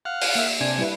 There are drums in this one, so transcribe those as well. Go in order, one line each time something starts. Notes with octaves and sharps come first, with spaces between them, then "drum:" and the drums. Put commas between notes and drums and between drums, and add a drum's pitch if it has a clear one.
F5 F#5
drum: open hi-hat
A#3 E5
C3 D4 G#5
G3 E4 B4